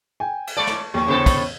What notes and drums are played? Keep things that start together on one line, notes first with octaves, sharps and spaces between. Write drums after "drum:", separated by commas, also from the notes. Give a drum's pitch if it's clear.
G5 G#5
drum: cymbal
G#3 D5 A5 C#6
drum: snare
D#2 F3 A3 C#6
E2 A2 C#3 A4 C5
drum: kick, cymbal